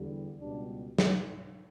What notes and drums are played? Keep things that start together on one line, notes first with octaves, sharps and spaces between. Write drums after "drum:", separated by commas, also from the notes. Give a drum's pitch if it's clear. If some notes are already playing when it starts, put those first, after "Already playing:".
Already playing: E2 D3 G3
C#2 B2 G3 D4
drum: snare